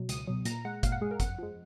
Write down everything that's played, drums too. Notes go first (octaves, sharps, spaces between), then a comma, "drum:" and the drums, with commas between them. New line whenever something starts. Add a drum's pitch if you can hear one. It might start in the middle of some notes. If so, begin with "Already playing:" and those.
Already playing: B2 F#3
C#2 D#6, drum: hi-hat
B2 F#3
A#2 A#5, drum: hi-hat
G#3 F#5
A#2 F5, drum: kick G1, hi-hat
F#5
G#3 G#4
A#4
F2 F#5, drum: kick G1, hi-hat
F3 G#3